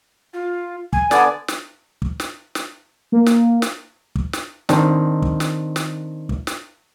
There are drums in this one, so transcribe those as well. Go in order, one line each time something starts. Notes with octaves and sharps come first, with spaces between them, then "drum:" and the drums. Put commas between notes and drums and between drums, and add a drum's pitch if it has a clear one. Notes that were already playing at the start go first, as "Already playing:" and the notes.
F4
G#5, drum: kick
D3 B3 D5 G#5, drum: snare
drum: snare
drum: kick
drum: snare
drum: snare
A#3
drum: snare
drum: snare
drum: kick
drum: snare
D#3 C4 D4, drum: snare
drum: kick
drum: snare
drum: snare
drum: kick
drum: snare